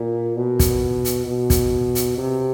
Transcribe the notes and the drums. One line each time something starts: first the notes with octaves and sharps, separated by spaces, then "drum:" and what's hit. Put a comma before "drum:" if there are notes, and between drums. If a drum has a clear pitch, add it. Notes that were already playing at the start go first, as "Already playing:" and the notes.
Already playing: A#2
B2
drum: kick, hi-hat
drum: hi-hat
B2
drum: kick, hi-hat
drum: hi-hat
C3